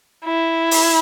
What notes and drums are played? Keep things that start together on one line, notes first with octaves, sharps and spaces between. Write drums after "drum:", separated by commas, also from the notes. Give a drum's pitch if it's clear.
E4
drum: open hi-hat